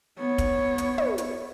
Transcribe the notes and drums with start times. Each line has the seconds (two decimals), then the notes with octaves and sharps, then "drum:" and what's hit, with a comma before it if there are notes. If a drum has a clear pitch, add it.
0.18 B3 C#5
0.38 drum: kick, hi-hat
0.78 drum: hi-hat
0.98 drum: tom
1.18 drum: hi-hat